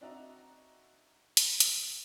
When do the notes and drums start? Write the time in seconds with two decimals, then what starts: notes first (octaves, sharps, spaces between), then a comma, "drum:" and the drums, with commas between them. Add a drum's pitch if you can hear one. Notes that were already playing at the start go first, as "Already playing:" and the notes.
0.01 C4 D4 D#4 F#4 E5 A#5
1.37 drum: hi-hat
1.60 drum: hi-hat